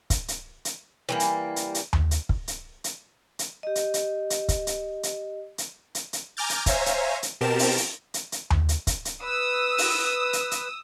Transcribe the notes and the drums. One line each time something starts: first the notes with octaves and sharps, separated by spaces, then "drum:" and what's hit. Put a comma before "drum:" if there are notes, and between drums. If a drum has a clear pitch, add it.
drum: kick, hi-hat
drum: hi-hat
drum: hi-hat
E3 G3 A#3
drum: hi-hat
drum: hi-hat
drum: hi-hat
drum: tom D#2
drum: hi-hat
drum: kick
drum: hi-hat
drum: hi-hat
drum: hi-hat
G4 D#5
drum: hi-hat
drum: hi-hat
drum: hi-hat
drum: kick, hi-hat
drum: hi-hat
drum: hi-hat
drum: hi-hat
drum: hi-hat
drum: hi-hat
G#5 A#5 D6 F6 G6 A6
drum: hi-hat
C5 C#5 E5 F5 G#5 A#5, drum: kick, hi-hat
drum: hi-hat
drum: hi-hat
B2 C4 G4 A#4 A5 E7
drum: open hi-hat
drum: hi-hat
drum: hi-hat
drum: hi-hat
drum: tom D#2
drum: hi-hat
drum: kick, hi-hat
drum: hi-hat
B4 D#6 E6
drum: open hi-hat
drum: hi-hat
drum: hi-hat